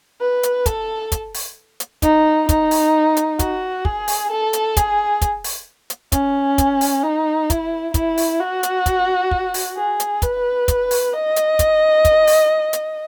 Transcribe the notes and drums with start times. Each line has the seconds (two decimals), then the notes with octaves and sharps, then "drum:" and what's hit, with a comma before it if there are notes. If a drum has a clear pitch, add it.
0.21 B4
0.43 drum: hi-hat
0.66 A4, drum: kick, hi-hat
1.12 drum: kick, hi-hat
1.34 drum: open hi-hat
1.80 drum: hi-hat
2.02 D#4, drum: kick, hi-hat
2.49 D#4, drum: kick, hi-hat
2.71 drum: open hi-hat
3.17 drum: hi-hat
3.39 F#4, drum: kick, hi-hat
3.85 G#4, drum: kick
4.08 drum: open hi-hat
4.31 A4
4.53 drum: hi-hat
4.77 G#4, drum: kick, hi-hat
5.21 drum: kick, hi-hat
5.44 drum: open hi-hat
5.90 drum: hi-hat
6.12 C#4, drum: kick, hi-hat
6.58 drum: kick, hi-hat
6.81 drum: open hi-hat
7.03 D#4
7.50 E4, drum: kick, hi-hat
7.94 E4, drum: kick, hi-hat
8.18 drum: open hi-hat
8.40 F#4
8.63 drum: hi-hat
8.86 drum: kick, hi-hat
9.31 drum: kick
9.54 drum: open hi-hat
9.77 G#4
10.00 drum: hi-hat
10.22 B4, drum: kick, hi-hat
10.68 drum: kick, hi-hat
10.91 drum: open hi-hat
11.13 D#5
11.36 drum: hi-hat
11.59 drum: kick, hi-hat
12.05 drum: kick, hi-hat
12.27 drum: open hi-hat
12.73 drum: hi-hat